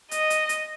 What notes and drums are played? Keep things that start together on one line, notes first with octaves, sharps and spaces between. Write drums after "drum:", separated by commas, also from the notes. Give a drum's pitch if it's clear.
D#5, drum: hi-hat
drum: hi-hat
drum: hi-hat